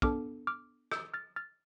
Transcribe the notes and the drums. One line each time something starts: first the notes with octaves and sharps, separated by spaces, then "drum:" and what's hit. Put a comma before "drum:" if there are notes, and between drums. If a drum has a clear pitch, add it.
B3 D4 A4 D6 F6, drum: kick
D6 F6
E6 G6, drum: rim click
F6 A6
F6 A6